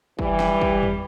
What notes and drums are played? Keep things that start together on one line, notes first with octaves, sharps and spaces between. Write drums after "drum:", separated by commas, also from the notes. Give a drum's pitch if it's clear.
E3 G3, drum: kick
drum: snare
drum: kick
drum: tom E2